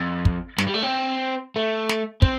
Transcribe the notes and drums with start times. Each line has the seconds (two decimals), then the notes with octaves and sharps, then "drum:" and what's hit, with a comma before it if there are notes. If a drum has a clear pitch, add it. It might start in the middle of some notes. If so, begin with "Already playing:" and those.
Already playing: F2
0.25 drum: kick
0.58 G2, drum: snare
0.67 G3
0.74 A3
0.82 C4
1.56 A3
1.89 drum: snare
2.22 C4, drum: kick